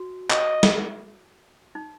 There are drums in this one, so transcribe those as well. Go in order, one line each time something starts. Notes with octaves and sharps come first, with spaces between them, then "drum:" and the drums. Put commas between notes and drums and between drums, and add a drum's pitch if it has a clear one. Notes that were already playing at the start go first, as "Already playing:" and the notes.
Already playing: F#4
D#5, drum: clap
drum: snare
D#4